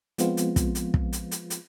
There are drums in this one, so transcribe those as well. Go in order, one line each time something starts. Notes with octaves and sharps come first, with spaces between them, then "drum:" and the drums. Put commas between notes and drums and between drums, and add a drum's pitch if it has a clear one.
F3 G#3 B3 C4 F4, drum: hi-hat
drum: hi-hat
drum: kick, hi-hat
drum: hi-hat
drum: kick
drum: hi-hat
drum: hi-hat
drum: hi-hat